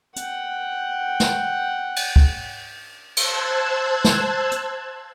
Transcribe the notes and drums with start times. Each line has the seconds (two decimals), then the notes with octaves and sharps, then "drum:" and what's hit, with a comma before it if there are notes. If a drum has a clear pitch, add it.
0.16 F#5 G5, drum: hi-hat
1.20 drum: snare
1.96 drum: cymbal
2.16 drum: kick
3.17 C5 A5 E6 F#6 G#6, drum: cymbal
4.04 drum: snare
4.52 drum: hi-hat